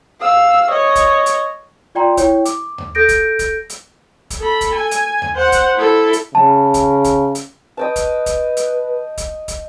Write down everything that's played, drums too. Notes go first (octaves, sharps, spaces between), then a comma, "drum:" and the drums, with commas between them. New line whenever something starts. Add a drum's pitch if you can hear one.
F5 E6
C#5 D#5
drum: kick, hi-hat
drum: hi-hat
F4 D5 G5 A#5 C6
E4 C#5 G5, drum: kick, hi-hat
D6, drum: hi-hat
drum: tom D#2
A4 G6 A#6 D7
drum: kick, hi-hat
drum: kick, hi-hat
drum: hi-hat
drum: kick, hi-hat
A4 B5
drum: kick, hi-hat
G#5
drum: hi-hat
drum: tom D#2
C5 F#5
drum: kick, hi-hat
E4 A4
drum: hi-hat
C#3 A5
drum: kick, hi-hat
drum: kick, hi-hat
drum: hi-hat
B4 D#5 G5 A5
drum: kick, hi-hat
drum: kick, hi-hat
drum: hi-hat
drum: kick, hi-hat
drum: kick, hi-hat